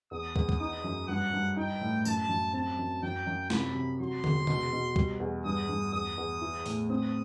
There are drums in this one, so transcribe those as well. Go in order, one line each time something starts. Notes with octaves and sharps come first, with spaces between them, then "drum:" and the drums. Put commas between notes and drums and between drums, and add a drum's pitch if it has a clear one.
E2 D#6
E2, drum: kick
drum: kick
D#4 D#6
F#2
G2 F#5
G2
D#4 G5
A2
F#2 A5, drum: tambourine
F#2
C4 A5
F#2
F#2 G5
F#2
C3 B5, drum: snare
C3
F#3 C6
E2, drum: tom D3
B2, drum: tom C3
B2
G3, drum: kick
E2
G2 D#6
G2
E2 D#6
E2
E4
A2, drum: open hi-hat
C4 D#6